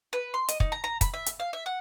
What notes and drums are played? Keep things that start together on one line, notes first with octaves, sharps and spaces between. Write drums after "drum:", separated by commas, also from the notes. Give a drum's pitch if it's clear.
B4
C6
D#5, drum: hi-hat
D#4, drum: kick
A#5
A#5
B5, drum: kick, hi-hat
E5
drum: hi-hat
F5
E5
F#5